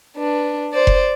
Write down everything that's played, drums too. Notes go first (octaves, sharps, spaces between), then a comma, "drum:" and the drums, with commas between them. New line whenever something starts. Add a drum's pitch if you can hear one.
D4 B4
C5 D5
drum: kick F1